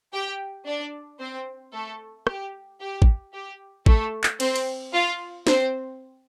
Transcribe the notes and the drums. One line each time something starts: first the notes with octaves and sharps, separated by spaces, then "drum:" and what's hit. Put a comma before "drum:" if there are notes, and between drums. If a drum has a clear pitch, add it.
G4 G5
D4 D5
C4 C5
A3 A4
G4, drum: rim click
G4
drum: kick
G4
A3 A4, drum: kick
drum: clap
C4 C5, drum: cymbal
drum: cymbal
F4 F5
C4 C5, drum: snare